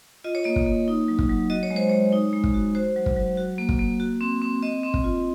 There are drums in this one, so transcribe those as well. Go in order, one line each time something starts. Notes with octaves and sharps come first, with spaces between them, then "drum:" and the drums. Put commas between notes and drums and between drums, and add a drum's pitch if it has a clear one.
F4 D#5
C#5
A#3 D#5
drum: kick
A#3
D#4
F#3
drum: kick
F#3
F#4 D#5
C#5
G#3
C5
G#3 C#5
D#4
G#3
drum: kick
F#4
F#4 C5
F#3
drum: kick
F#3
F#4
A#3
drum: kick
A#3
F#4
C4
C4
C4 D#5
C4
drum: kick
F4